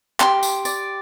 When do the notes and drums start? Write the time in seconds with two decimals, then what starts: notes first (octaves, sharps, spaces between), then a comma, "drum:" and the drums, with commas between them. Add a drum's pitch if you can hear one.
0.20 G4 C6, drum: clap
0.43 drum: tambourine
0.65 D5, drum: tambourine